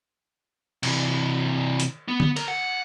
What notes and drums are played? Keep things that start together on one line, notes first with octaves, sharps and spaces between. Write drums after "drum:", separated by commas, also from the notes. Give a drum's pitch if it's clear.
C3 E3, drum: cymbal
drum: hi-hat
B3
drum: tom D3
A#4, drum: cymbal
F#5